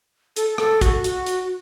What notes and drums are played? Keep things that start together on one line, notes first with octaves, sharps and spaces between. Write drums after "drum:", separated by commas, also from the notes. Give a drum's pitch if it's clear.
A4, drum: hi-hat
A4, drum: rim click
F#4, drum: kick, hi-hat
F#4, drum: hi-hat
drum: hi-hat